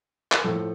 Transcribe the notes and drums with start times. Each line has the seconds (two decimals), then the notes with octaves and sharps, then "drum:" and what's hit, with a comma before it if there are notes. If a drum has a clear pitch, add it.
0.32 A#4, drum: clap
0.44 A2 F3 A4